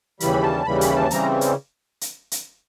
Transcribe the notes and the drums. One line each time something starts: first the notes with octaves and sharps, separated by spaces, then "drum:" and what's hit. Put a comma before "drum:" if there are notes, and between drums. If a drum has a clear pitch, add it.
D#2 C#3 E3 G3 B5, drum: hi-hat
A5
D#2 C#3 E3 G3 B5
B5, drum: hi-hat
A5
C#3 E3 G3 C4 A#5, drum: hi-hat
drum: hi-hat
drum: hi-hat
drum: hi-hat